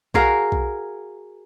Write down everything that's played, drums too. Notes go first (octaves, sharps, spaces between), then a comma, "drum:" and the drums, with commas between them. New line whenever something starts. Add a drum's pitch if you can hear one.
F#4 G#4 A#4 F5, drum: kick B1
drum: kick B1